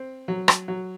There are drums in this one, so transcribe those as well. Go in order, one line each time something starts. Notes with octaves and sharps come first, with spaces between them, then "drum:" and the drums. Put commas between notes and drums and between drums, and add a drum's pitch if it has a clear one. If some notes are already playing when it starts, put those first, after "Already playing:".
Already playing: C4
F#3
drum: rim click
F#3